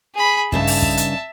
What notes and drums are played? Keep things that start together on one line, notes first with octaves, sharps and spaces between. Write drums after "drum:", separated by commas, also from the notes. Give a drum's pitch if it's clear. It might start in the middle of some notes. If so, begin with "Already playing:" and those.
G#4 B5
G2 C#3 D#4 E5 A5, drum: kick
drum: open hi-hat
drum: kick
drum: hi-hat